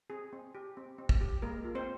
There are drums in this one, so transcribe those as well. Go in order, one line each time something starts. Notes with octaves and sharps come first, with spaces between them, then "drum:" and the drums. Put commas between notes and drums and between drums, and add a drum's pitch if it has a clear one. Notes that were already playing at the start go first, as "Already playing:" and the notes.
C4 G#4
C4
G4
C4
C4
drum: kick
G4
G#3 A#3 A#4
F4
C4 C5